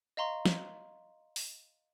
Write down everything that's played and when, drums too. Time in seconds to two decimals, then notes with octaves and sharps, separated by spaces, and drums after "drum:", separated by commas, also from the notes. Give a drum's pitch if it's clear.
0.17 D#5 F5 A#5 C6 C#6
0.45 drum: snare
1.36 drum: open hi-hat